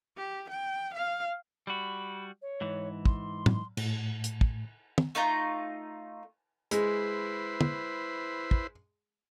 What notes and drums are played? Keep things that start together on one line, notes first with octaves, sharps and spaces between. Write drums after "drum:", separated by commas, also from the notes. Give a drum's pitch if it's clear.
G4
G5
F5
G3 F#4 B5
C#5
G#2 E3
C6, drum: kick
drum: tom
A2, drum: cymbal
drum: hi-hat
drum: kick
drum: tom
A3 D#4 F4 A#5
G#3 E4 B4 C5, drum: hi-hat
drum: tom
drum: kick